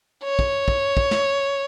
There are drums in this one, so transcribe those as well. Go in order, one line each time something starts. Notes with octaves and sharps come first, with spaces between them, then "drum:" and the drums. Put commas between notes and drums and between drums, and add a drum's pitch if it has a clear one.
C#5
drum: kick
drum: kick
drum: kick
drum: snare